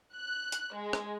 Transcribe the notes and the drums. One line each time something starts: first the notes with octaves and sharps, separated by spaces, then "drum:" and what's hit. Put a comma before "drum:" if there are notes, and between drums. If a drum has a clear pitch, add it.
F#6
drum: hi-hat
G#3
drum: rim click